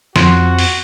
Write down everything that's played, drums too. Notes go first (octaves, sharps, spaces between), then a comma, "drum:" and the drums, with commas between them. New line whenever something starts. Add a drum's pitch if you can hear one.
F2 F3 C4 F#4 C6, drum: snare
drum: open hi-hat